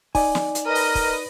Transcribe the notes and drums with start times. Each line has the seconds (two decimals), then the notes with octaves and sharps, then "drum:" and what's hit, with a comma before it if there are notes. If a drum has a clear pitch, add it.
0.15 D#4 D5 G#5, drum: kick, open hi-hat
0.35 drum: snare
0.55 drum: hi-hat
0.66 A#4 B4 D#5
0.75 drum: open hi-hat
0.95 drum: kick, open hi-hat